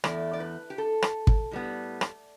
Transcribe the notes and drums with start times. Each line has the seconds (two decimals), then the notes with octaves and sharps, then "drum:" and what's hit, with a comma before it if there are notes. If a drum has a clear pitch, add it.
0.04 E2 E3 A3 D5, drum: rim click
0.33 D5
0.40 B4
0.70 G4
0.78 A4
1.02 drum: rim click
1.27 drum: kick
1.51 A2 G3 B3
2.01 drum: rim click